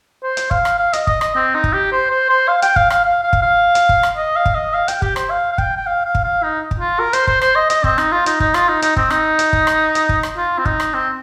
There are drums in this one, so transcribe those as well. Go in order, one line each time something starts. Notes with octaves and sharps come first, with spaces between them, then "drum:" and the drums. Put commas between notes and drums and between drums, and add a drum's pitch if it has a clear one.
C5
drum: hi-hat
F5, drum: kick
drum: rim click
F5
D#5, drum: hi-hat
D#5, drum: kick
D#5, drum: rim click
C4
D#4
drum: kick
G4
C5
C5
C5
F5
G5, drum: hi-hat
F5, drum: kick
F5, drum: rim click
F5
F5
drum: kick
F5
drum: hi-hat
drum: kick
drum: rim click
D#5
F5
drum: kick
D#5
F5
G5, drum: hi-hat
G4, drum: kick
C5, drum: rim click
F5
F5
G5, drum: kick
G5
F5
F5
drum: kick
F5
D#4
drum: kick
F4
A#4
C5, drum: hi-hat
C5, drum: kick
C5, drum: rim click
D#5
D#5, drum: hi-hat
C4, drum: kick
D#4, drum: rim click
F4
D#4, drum: hi-hat
D#4, drum: kick
F4, drum: rim click
D#4
D#4, drum: hi-hat
C4, drum: kick
D#4, drum: rim click
drum: hi-hat
drum: kick
drum: rim click
drum: hi-hat
drum: kick
drum: rim click
F4
C4
D#4, drum: kick
drum: rim click
C4